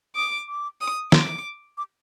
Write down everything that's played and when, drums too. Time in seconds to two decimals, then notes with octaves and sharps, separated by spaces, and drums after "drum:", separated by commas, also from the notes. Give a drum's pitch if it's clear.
0.16 D6 D#6
0.48 D6
0.81 D#6
1.12 C6 D6, drum: snare
1.78 D6